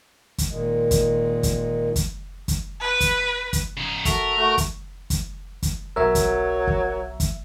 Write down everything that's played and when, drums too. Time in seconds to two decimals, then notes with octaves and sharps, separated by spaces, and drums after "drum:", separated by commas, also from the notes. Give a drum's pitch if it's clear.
0.38 drum: kick, hi-hat
0.50 A#2 D#3 G#3
0.91 drum: kick, hi-hat
1.43 drum: kick, hi-hat
1.96 drum: kick, hi-hat
2.48 drum: kick, hi-hat
2.81 B4
3.00 drum: kick, hi-hat
3.53 drum: kick, hi-hat
3.77 C#3 D#4
4.05 F#4 A4 A#4 E5, drum: kick, hi-hat
4.37 A3 F#4
4.58 drum: kick, hi-hat
5.10 drum: kick, hi-hat
5.62 drum: kick, hi-hat
5.96 B1 F#3 A#4 C#5 E5 E6
6.15 drum: kick, hi-hat
6.67 drum: kick
7.20 drum: kick, hi-hat